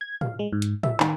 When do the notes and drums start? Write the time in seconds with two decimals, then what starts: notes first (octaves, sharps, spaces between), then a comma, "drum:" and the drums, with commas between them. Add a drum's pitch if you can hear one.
0.01 G#6
0.21 F5, drum: tom A2
0.39 G#3
0.53 G#2
0.62 drum: hi-hat
0.83 E5, drum: tom A2
1.00 D#3, drum: clap